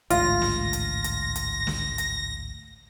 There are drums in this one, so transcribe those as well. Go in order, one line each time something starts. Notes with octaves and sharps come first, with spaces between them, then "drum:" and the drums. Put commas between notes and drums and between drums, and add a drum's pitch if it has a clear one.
A1 D2 G#2 F4 A#6, drum: hi-hat
drum: snare
drum: hi-hat
drum: hi-hat
drum: hi-hat
drum: snare
drum: hi-hat